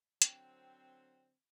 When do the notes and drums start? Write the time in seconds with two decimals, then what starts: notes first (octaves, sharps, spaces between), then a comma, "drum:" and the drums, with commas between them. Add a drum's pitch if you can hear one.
0.22 D3 F#3 C4, drum: hi-hat